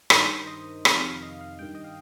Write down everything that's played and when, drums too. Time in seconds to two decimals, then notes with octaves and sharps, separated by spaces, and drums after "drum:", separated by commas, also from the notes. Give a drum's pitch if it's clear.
0.10 G2 D#3 C5, drum: rim click
0.20 A#4
0.30 C5
0.47 D#5
0.85 F2 C3 D#3 F5, drum: rim click
1.04 F5
1.22 D#5
1.41 F5
1.59 G2 D#3 G5
1.75 D#5
1.84 F5